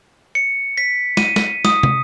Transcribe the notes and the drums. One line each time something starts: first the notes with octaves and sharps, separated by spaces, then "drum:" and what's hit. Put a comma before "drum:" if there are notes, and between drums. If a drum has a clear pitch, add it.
C#7
B6
D#7, drum: snare
drum: snare
D#6, drum: snare
drum: tom